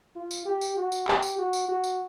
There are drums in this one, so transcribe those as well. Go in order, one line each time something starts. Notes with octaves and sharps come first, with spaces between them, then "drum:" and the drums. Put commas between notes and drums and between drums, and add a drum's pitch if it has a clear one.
F4
drum: tambourine
G4
drum: tambourine
F#4
drum: tambourine
G4, drum: clap
drum: tambourine
F#4
drum: tambourine
F#4
drum: tambourine